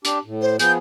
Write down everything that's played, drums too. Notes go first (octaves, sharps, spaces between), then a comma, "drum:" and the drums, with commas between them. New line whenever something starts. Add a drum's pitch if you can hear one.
D4 G4, drum: hi-hat
A2
C5
F3 B3 G#4 G6, drum: hi-hat